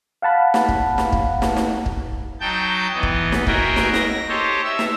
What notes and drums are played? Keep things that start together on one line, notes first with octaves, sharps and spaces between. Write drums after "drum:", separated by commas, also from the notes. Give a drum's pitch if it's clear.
F5 F#5 A5 B5
drum: snare
drum: kick
drum: snare
drum: kick
drum: snare
drum: snare
drum: kick
F#3 D#4 G5 A5 G6
E3 B3 D#5
drum: kick
drum: snare
F#4 G#4 A#4 D#5 E5 G5, drum: kick
drum: snare
A#6, drum: snare
G4 A4 C5 C#5 D#5
E5 E6
drum: snare